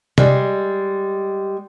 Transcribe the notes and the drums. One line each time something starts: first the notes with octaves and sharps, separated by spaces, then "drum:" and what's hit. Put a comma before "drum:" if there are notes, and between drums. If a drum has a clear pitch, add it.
G3 G#3, drum: tom C3